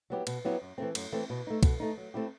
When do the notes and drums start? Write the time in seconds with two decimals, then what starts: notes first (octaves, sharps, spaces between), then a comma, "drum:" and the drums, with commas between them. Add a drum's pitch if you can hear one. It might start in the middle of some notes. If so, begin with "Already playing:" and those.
0.10 F#3 B3 E4 G4
0.27 B2, drum: cymbal
0.45 F#3 B3 E4 G4
0.62 F#2
0.78 E3 A3 C4
0.95 F#2, drum: cymbal
1.12 E3 A3 C4
1.30 B2
1.47 A3 D#4
1.63 B2, drum: kick, cymbal
1.80 A3 D#4
1.97 F#3
2.14 A3 C4 E4 G4